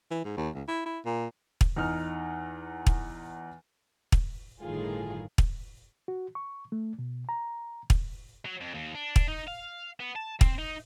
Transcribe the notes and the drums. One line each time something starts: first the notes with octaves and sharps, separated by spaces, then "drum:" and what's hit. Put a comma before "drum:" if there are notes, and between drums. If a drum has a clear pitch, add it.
E3
G#2
D#2
C#2
E4
E4
A#2
drum: kick
E2 D#4 F6
drum: kick
drum: kick
G1 A2 D#3 F4 G#4
drum: kick
F#4
C#6
A3
B2
A#5
drum: kick
F#3
F2
D#2
D4
drum: kick
D#4
F5
B3
A5
C4, drum: kick
D#4